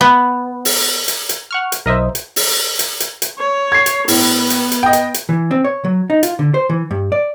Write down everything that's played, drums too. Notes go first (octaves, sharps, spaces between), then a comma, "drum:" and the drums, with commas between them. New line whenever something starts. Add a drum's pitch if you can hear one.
B3
drum: open hi-hat
drum: hi-hat
drum: hi-hat
F#5 C#6 F6
drum: hi-hat
B1 A#4 C5 D#5 E5
drum: hi-hat
drum: open hi-hat
drum: hi-hat
drum: hi-hat
drum: hi-hat
C#5
G#6 C7
drum: hi-hat
A2 B3, drum: open hi-hat
drum: hi-hat
drum: hi-hat
D#5 G5
drum: hi-hat
drum: hi-hat
E3
C4
C#5
F#3
D#4
F4, drum: hi-hat
D3
C5
E3
G2
D5